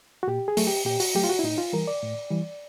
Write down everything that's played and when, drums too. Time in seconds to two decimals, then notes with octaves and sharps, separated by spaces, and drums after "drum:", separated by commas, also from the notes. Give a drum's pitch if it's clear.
0.23 F#4
0.27 A#2 G4
0.48 G#4
0.57 F#3 A3, drum: open hi-hat
0.67 G4
0.85 A#2 G4
1.00 F#4, drum: open hi-hat
1.15 F#3 A3 G4
1.24 F4
1.29 F#4
1.39 E4
1.43 A2 D#4
1.58 F4
1.73 E3 G3 A#4
1.88 D5
2.02 A2
2.31 E3 G3